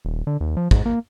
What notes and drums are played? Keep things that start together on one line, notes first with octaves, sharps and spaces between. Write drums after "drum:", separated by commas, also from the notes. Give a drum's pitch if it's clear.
D#1
D3
D#2
F3
G#2, drum: kick
A#3